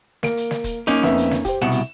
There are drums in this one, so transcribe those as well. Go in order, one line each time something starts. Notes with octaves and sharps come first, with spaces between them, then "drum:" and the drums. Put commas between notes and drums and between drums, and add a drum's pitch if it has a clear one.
A#3 D7, drum: snare
drum: hi-hat
drum: snare
drum: kick, hi-hat
A#3 C#4 D#4 D6
F2 B3 E5, drum: snare
drum: hi-hat
drum: snare
G4 C5, drum: kick, hi-hat
C2 B2 F#5 E7
drum: hi-hat